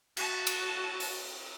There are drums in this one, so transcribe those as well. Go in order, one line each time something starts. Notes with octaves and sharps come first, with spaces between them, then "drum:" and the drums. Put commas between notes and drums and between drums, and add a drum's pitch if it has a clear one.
F#4 A5, drum: cymbal
drum: cymbal
drum: open hi-hat